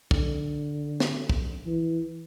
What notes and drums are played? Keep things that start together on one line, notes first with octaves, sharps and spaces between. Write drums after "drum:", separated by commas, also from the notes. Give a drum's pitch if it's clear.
D3, drum: kick
drum: snare
drum: kick
E3